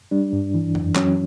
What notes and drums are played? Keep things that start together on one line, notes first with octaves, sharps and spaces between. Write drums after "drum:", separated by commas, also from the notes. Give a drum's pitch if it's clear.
G3 D4
G2
E3
F#2, drum: tom F2
F#3 C#4, drum: clap